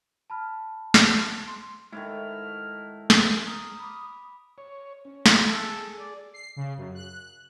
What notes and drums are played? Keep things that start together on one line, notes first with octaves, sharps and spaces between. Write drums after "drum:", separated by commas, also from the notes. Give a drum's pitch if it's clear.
A5 B5 F6
drum: snare
C6
G#2 D#3 A3 E4 F6
drum: snare
A#5 D#6 F6
B5 D6
C#5
C#4
drum: snare
G#4 A4
D5
C7
C#3
F#2
F#6